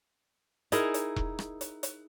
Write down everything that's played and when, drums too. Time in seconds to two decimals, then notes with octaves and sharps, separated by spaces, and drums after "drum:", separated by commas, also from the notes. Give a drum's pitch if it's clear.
0.72 D#4 E4 G#4 A#4, drum: hi-hat
0.94 drum: hi-hat
1.16 drum: kick E1
1.39 drum: rim click
1.61 drum: hi-hat
1.83 drum: hi-hat